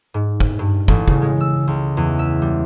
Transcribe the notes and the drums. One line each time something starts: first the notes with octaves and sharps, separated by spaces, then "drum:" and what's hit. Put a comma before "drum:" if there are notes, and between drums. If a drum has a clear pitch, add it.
G#2
drum: kick
G2
A1, drum: kick
C#3, drum: kick
G#3
E6
C#2
E2
E5
G3